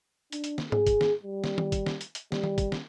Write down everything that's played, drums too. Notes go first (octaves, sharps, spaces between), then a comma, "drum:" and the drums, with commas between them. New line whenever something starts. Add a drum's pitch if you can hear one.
D4, drum: hi-hat
drum: hi-hat
drum: snare
G#4, drum: tom G#2
drum: kick, hi-hat
drum: snare
G3
drum: snare
drum: tom D#3
drum: kick, hi-hat
drum: snare
drum: hi-hat
drum: hi-hat
G3, drum: snare
drum: tom D#3
drum: kick, hi-hat
drum: snare